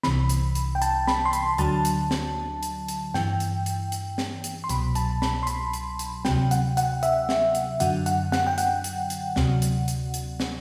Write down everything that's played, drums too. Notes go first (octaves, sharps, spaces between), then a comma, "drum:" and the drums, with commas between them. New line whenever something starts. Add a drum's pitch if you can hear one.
C2 C3 E3 B5, drum: snare
drum: hi-hat
drum: hi-hat
G5
A5, drum: hi-hat
B5, drum: snare
C6
B5, drum: hi-hat
D2 D3 F#3 A5, drum: hi-hat
drum: hi-hat
drum: snare
drum: hi-hat
drum: hi-hat
G2 E3 G5, drum: snare
drum: hi-hat
drum: hi-hat
drum: hi-hat
drum: snare
drum: hi-hat
C6
C2 B2 F#3 B5, drum: hi-hat
A5, drum: hi-hat
B5, drum: snare
C6
B5, drum: hi-hat
drum: hi-hat
drum: hi-hat
D2 C3 F#3 G5, drum: snare
F#5, drum: hi-hat
F#5, drum: hi-hat
E5, drum: hi-hat
drum: snare
drum: hi-hat
F#2 D3 F#3 F#5, drum: hi-hat
F#5, drum: hi-hat
F#5, drum: snare
G5
F#5, drum: hi-hat
drum: hi-hat
drum: hi-hat
D2 C3 F#3, drum: snare
drum: hi-hat
drum: hi-hat
drum: hi-hat
drum: snare